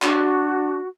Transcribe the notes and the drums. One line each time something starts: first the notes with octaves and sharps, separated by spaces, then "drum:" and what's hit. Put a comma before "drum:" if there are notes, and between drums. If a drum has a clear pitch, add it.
D4 F#4, drum: clap